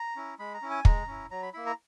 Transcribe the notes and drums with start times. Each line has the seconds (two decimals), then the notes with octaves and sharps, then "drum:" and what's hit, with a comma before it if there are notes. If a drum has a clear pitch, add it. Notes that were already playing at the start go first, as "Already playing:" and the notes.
Already playing: A#5
0.16 C#4 E4
0.39 G#3 B5
0.54 A#5
0.62 C#4 E4
0.70 G#5
0.85 G#3 A#5, drum: kick
1.07 C#4 E4
1.31 F#3 A#5
1.43 B5
1.54 A#3 E4 B5
1.66 A#5